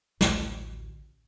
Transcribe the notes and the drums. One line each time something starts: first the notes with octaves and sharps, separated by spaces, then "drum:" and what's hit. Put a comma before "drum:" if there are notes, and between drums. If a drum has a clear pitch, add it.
A1 D2, drum: snare